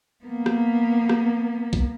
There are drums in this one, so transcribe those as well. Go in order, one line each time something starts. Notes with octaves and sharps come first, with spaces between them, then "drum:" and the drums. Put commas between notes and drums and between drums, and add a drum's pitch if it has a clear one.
A#3 B3
drum: rim click
drum: rim click
drum: kick A#1